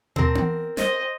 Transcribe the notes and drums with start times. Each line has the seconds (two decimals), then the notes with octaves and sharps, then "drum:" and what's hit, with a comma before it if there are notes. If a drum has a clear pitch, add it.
0.16 C4 A#4, drum: tom
0.35 drum: tom B3
0.77 C5 D#5, drum: snare